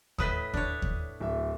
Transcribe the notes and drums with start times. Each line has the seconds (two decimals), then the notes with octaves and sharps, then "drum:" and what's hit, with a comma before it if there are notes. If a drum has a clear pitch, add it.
0.18 A2 B4 D#5 D#6 B6, drum: kick D#2
0.54 D4 C#5, drum: kick D#2
0.82 drum: kick D#2
1.20 D1 E5